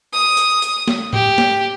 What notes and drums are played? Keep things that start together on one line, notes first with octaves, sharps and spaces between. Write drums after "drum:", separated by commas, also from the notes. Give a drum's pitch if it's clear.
D#6
drum: hi-hat
drum: hi-hat
drum: snare
G4, drum: tom A2
drum: snare